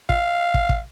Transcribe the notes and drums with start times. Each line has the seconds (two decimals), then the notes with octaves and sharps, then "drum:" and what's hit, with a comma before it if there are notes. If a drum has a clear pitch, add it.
0.09 F5, drum: kick
0.54 drum: kick
0.69 drum: kick